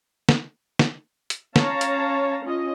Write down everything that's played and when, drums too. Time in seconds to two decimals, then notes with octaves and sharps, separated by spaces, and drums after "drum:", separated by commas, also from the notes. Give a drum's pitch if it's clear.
0.29 drum: snare
0.79 drum: snare
1.30 drum: hi-hat
1.56 C#4 C#5 F5 A5 A#5, drum: snare
1.81 drum: hi-hat
2.42 C#4 F4 D#5